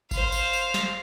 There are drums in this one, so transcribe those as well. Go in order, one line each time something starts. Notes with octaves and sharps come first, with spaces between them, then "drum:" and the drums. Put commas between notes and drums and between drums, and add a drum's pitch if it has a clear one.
C5 F5, drum: kick G#1, tambourine
drum: tambourine
drum: tambourine
drum: snare